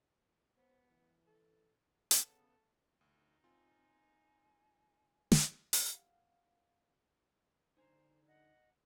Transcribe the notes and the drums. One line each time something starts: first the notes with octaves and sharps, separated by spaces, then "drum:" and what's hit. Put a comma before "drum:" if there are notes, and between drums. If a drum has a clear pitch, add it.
B3 C5
E3
A4
C#3 B3 A4, drum: hi-hat
D2 D#4
C4 F4 G#5
drum: snare
G4 F5 F#5, drum: open hi-hat
D3 D#4 C5 G#5 A#5
D#5 F#5